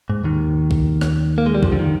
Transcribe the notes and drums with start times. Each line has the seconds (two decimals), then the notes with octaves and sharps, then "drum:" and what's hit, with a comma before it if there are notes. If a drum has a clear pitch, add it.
0.10 G#2
0.24 D#2 D#3
0.71 drum: kick
1.01 drum: rim click
1.38 A#3
1.46 G#3
1.55 G3
1.63 F2 F3, drum: kick
1.72 D3
1.79 D#3